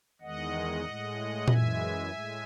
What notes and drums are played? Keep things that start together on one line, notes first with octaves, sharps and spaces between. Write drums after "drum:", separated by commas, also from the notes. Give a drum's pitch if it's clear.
E2 D#3 G#3 D#5 F#5
A2 G#3
F#2 E3 G#3 E5 G#5, drum: tom A#2
A2 G#3